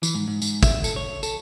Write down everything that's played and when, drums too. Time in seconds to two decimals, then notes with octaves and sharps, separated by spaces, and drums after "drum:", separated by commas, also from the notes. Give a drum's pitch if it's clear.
0.03 E3, drum: tambourine
0.15 G#2
0.28 G#2
0.42 G#2, drum: tambourine
0.63 E5, drum: kick, tambourine
0.84 A4, drum: tambourine
0.96 C#5
1.23 A4, drum: tambourine